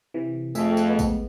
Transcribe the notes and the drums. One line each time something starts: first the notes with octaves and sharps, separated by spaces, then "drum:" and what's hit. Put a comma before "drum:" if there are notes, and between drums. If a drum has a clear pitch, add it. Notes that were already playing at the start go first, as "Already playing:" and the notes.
C3 E3
F2 A3 G#4 E5, drum: tambourine
drum: tambourine
G#3 B3
drum: kick, tambourine